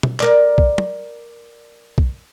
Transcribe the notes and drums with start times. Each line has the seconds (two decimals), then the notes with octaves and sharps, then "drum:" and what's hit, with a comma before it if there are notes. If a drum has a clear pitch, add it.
0.03 drum: tom
0.20 A#4 D5, drum: clap
0.58 drum: kick B1
0.78 drum: tom
1.98 drum: kick B1